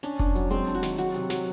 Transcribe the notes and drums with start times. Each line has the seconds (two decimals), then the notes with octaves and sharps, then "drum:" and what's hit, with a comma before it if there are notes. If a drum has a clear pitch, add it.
0.03 C#4 D4, drum: hi-hat
0.19 D4, drum: kick F1, hi-hat
0.35 F#3, drum: hi-hat
0.51 G#3 C4, drum: hi-hat
0.67 D4, drum: hi-hat
0.75 F#4
0.83 D#3, drum: snare
0.98 F#3 F#4, drum: hi-hat
1.14 C3, drum: hi-hat
1.30 F#3, drum: snare